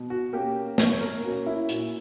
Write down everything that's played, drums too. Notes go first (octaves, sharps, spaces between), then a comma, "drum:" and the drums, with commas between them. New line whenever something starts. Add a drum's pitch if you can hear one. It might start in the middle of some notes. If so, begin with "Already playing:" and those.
Already playing: B2
F#4
A#3 C#4 G4
B2 C#5, drum: snare
A#4
A#3 C#4 F#4
E4
A#2 F#4, drum: hi-hat